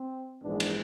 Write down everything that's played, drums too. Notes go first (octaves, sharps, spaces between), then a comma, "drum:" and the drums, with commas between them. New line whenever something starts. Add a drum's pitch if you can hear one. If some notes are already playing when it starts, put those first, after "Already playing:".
Already playing: C4
A#1 G#2 E3 G#3 B3 D4
drum: cymbal